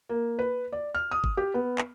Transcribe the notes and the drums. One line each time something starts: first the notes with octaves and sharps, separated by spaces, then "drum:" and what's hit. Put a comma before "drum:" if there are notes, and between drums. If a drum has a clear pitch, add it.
A#3
B4
D5
F6
D#6
drum: kick
G4
B3
drum: clap